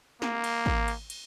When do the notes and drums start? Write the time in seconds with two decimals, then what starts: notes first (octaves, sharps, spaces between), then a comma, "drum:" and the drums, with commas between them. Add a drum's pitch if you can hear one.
0.22 A#3, drum: snare
0.44 drum: cymbal
0.66 drum: kick
0.88 drum: cymbal
1.10 drum: cymbal